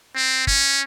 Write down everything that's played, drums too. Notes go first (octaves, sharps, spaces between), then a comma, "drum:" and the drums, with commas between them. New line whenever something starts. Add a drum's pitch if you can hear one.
C4
C#4, drum: kick